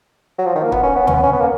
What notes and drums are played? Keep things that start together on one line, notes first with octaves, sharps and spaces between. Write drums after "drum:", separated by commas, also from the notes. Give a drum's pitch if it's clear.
F#3
F3
D#3
A#3
B3, drum: kick
C#4
B3
C#4, drum: tom
B3
C#4
B3
A#3